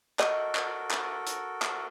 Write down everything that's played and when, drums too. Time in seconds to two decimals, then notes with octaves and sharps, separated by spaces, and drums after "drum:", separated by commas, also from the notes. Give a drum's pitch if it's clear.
0.19 F#4 A4 A#4 D#5, drum: clap
0.55 drum: clap
0.91 drum: clap
1.26 drum: hi-hat
1.62 drum: clap